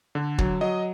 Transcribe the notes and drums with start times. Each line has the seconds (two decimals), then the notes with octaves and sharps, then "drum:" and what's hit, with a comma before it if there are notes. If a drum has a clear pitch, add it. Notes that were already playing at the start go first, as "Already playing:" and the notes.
0.15 D3
0.38 F#3, drum: kick
0.61 F#3 D#5